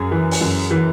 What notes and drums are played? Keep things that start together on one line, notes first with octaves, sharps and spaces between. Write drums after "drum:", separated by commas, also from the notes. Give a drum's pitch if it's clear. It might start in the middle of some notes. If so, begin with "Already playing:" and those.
Already playing: F#2 G#4
E3
drum: open hi-hat
F#2
E3